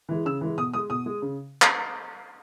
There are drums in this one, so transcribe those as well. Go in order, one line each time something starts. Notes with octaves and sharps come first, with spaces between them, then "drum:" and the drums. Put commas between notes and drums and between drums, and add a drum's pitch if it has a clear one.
E3 G#3
C#3 E6
E3 G#3
B2 D#6
G#3 D#6
B2 D#6
G#3
C#3
drum: clap